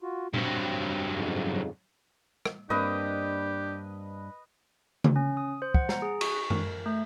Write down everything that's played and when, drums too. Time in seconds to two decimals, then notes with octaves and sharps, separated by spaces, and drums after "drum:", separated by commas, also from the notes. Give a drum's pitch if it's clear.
0.02 F4 F#4
0.34 G2 F#3 C4, drum: tom A#2
1.12 F2 G#2 C#3
2.45 drum: rim click
2.70 G2 A#3 C4 D4 G4 B4 D#5
5.04 drum: tom C#3
5.16 C#4
5.37 D#6
5.62 C5
5.74 F#5, drum: kick
5.89 A#5, drum: snare
6.02 G#4
6.21 C#6, drum: cymbal
6.50 A#4, drum: tom F#2
6.86 A3